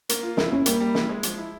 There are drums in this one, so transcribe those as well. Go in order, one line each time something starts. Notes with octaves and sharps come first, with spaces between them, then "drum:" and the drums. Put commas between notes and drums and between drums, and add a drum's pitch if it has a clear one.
A#3, drum: hi-hat
F4
E4 A#4, drum: snare
C#4 E4
G3 A#3, drum: hi-hat
G3
E4, drum: snare
G#3
F3, drum: hi-hat
E4